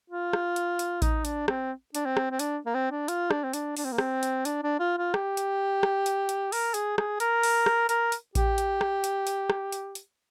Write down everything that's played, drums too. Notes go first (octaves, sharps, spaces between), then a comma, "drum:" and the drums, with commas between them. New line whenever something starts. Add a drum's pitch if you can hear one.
F4
drum: rim click
drum: hi-hat
drum: hi-hat
D#4, drum: kick A1, hi-hat
D4, drum: hi-hat
C4, drum: rim click
D4, drum: hi-hat
C4
drum: rim click
C4
D4, drum: hi-hat
A#3
C4
D4
F4, drum: hi-hat
D4, drum: rim click
C4
D4, drum: hi-hat
D4, drum: open hi-hat
C4
A#3
C4, drum: rim click
drum: hi-hat
D4, drum: hi-hat
D4
F4
F4
G4, drum: rim click
drum: hi-hat
drum: rim click
drum: hi-hat
drum: hi-hat
A#4, drum: open hi-hat
G#4, drum: hi-hat
G#4, drum: rim click
A#4, drum: hi-hat
drum: open hi-hat
drum: rim click
A#4, drum: hi-hat
drum: hi-hat
G4, drum: kick A1, hi-hat
drum: hi-hat
drum: rim click
drum: hi-hat
drum: hi-hat
drum: rim click
drum: hi-hat
drum: hi-hat